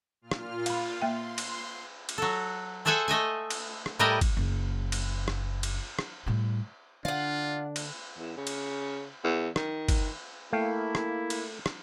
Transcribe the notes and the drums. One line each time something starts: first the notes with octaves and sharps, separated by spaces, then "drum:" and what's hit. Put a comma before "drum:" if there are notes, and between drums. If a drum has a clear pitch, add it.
A#2 F4 F6
drum: rim click
F4 F5 B5 A6, drum: cymbal
A#3 E5 G5 C6
drum: cymbal
drum: cymbal
F#3 A4
G#4 A4 C5 E5 F#5 G#5
A3 D#5 E5 G#5
drum: cymbal
drum: rim click
A2 G3 E4 A#4 B4 D#5
drum: kick, cymbal
F#1
drum: cymbal
drum: rim click
drum: cymbal
drum: rim click
A2 G3
D3 D4 F4 F5 F#5
drum: cymbal
E2
C#3
drum: cymbal
E2
D#3, drum: rim click
drum: kick, cymbal
A3 A#3 E4 F5 G5
drum: rim click
drum: cymbal
drum: rim click